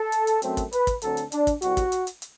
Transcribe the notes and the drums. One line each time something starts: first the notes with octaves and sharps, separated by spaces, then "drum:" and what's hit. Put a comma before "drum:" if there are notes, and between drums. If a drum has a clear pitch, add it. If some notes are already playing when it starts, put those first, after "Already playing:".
Already playing: A4
drum: hi-hat
drum: hi-hat
F#2 F#3 A3 C4, drum: hi-hat
drum: kick, hi-hat
B4, drum: hi-hat
drum: kick, hi-hat
D2 D3 F#3 C4 A4, drum: hi-hat
drum: hi-hat
D4, drum: hi-hat
drum: kick, hi-hat
C2 C3 G3 F#4, drum: hi-hat
drum: kick, hi-hat
drum: hi-hat
drum: hi-hat
drum: hi-hat